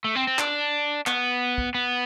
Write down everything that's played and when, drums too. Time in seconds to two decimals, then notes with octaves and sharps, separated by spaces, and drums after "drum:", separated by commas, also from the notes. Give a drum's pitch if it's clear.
0.04 A3
0.16 C4
0.27 C4
0.39 D4, drum: clap
1.07 B3, drum: clap
1.58 drum: kick
1.75 B3